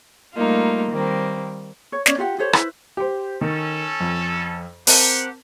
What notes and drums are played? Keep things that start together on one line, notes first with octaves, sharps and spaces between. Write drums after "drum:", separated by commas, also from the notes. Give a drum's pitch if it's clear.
G3 A3 A#3 D#4 F4
D#3 G3 A#3 C4
C#5
C#4 C#5 D5, drum: snare
F4 G4 F#5
G4 A4 C5 C#5
E4 B4 C5, drum: rim click
G4 C5
D#3 C#4 A4
F2
C4 G4 A#4 F#5 A5, drum: open hi-hat